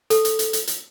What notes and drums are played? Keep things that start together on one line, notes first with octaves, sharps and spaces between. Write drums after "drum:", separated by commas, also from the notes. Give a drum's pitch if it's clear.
A4, drum: hi-hat
drum: hi-hat
drum: hi-hat
drum: hi-hat
drum: hi-hat